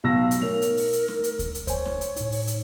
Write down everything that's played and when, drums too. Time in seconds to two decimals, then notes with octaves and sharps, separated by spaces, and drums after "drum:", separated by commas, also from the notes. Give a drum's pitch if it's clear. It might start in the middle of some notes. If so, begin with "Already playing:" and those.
0.04 B1 F5 E6 A#6
0.31 drum: hi-hat
0.42 A3 D#4 A#4 C#5 F7
0.62 drum: hi-hat
0.77 drum: open hi-hat
0.93 drum: hi-hat
1.08 drum: snare
1.24 drum: hi-hat
1.39 drum: kick D2, hi-hat
1.55 drum: hi-hat
1.67 C5 C#5 G#5, drum: kick D2, hi-hat
1.85 drum: snare
2.01 drum: hi-hat
2.16 A2 D#4, drum: hi-hat
2.32 drum: open hi-hat
2.47 drum: hi-hat